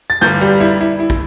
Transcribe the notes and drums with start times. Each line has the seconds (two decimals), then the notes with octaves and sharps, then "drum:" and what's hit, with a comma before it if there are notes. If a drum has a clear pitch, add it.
0.10 A6
0.21 G1 G6, drum: snare
0.41 G3
0.61 E4
0.81 E4
1.00 E4
1.10 drum: kick